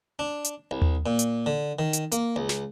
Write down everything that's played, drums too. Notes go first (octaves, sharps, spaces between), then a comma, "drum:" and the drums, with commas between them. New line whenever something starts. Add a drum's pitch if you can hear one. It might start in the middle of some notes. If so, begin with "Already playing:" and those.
D4
drum: hi-hat
C2
drum: tom D#2
A#2
drum: hi-hat
D3
D#3
drum: hi-hat
A#3, drum: hi-hat
C#2
drum: snare